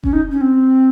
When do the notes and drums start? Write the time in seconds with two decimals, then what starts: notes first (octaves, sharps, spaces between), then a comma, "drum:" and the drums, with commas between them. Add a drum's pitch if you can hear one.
0.04 C#4, drum: kick F1
0.13 D#4
0.31 C#4
0.41 C4